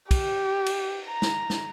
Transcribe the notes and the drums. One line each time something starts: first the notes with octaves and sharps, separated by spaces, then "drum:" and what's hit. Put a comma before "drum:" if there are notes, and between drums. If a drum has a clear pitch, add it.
G4, drum: kick, cymbal
drum: cymbal
A#5
drum: snare
drum: snare